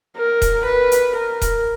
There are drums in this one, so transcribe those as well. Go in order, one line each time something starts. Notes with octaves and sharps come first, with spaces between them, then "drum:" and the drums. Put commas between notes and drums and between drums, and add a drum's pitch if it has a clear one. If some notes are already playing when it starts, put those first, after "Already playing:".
A#4
drum: kick D#1, hi-hat
B4
drum: hi-hat
A#4
drum: kick D#1, hi-hat